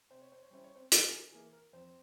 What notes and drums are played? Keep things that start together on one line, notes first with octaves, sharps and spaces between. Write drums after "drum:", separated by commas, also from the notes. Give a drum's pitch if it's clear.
C3 C5
C#5
C5
C#5
G3 C#4 E4 C5
C#5
C4 C5
C3 C4 C5, drum: hi-hat
G#4
A#4
E3 A#3 E4 G#4
A#4
F2 C4 C5